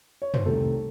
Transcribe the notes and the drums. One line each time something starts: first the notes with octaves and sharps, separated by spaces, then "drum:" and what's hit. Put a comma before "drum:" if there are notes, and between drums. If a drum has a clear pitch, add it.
C#5
C5, drum: tom
C2 C3 D#3 A3 A4